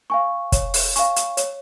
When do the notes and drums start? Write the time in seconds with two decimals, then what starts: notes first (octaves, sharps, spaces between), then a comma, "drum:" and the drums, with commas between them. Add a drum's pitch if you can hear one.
0.10 F5 G#5 C#6
0.52 C#5, drum: kick, hi-hat
0.74 drum: open hi-hat
0.96 F5 G#5 C#6, drum: hi-hat
1.16 drum: hi-hat
1.37 C#5, drum: hi-hat